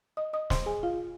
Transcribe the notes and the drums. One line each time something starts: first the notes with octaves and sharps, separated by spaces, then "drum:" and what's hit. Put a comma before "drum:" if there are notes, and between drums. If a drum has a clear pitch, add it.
D#5 D#6
D#5 D#6
C5 C6, drum: snare
G#4 G#5
F4 F5